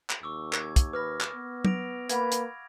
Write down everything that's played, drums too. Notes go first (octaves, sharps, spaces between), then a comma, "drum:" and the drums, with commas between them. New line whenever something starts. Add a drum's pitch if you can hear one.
drum: clap
D#2 C#6 D6 E6
A#4 D6 G#6, drum: clap
drum: kick, hi-hat
B4 B5 D6 F6 A#6
drum: clap
B3
A#6 D7 F7, drum: tom F#3
A#3 B4 F5 F#5 B5 G#6, drum: hi-hat
drum: hi-hat